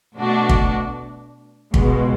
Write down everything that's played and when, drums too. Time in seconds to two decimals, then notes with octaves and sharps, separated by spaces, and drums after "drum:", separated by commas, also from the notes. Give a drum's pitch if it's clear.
0.16 B2 A3 D4 F#4
0.49 drum: kick
1.74 C#2 B2 G#3, drum: kick